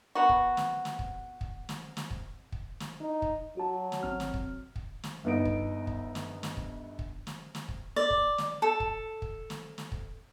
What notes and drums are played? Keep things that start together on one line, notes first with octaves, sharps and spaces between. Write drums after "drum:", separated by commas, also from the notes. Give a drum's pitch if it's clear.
B3 F#4
drum: kick
drum: snare
drum: snare
drum: kick
drum: kick
drum: snare
drum: snare
drum: kick
drum: kick
drum: snare
D#4
drum: kick
F#3 F#4 A5
drum: snare
G#1 C4 F6
drum: snare
drum: kick
drum: kick
drum: snare
G1 B3 D#4 D7
drum: kick
drum: kick
drum: snare
drum: snare
drum: kick
drum: kick
drum: snare
drum: snare
drum: kick
D5
drum: kick
drum: snare
A4
drum: kick
drum: kick
drum: snare
drum: snare
drum: kick